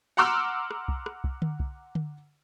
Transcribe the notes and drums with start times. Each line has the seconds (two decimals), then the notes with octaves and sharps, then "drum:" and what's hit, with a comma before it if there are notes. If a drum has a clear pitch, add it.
0.17 F#5 A#5 C6 D6 E6 F6
0.71 drum: rim click
0.88 drum: kick
1.06 drum: rim click
1.24 drum: kick
1.42 drum: tom D3
1.60 drum: kick
1.95 drum: tom D3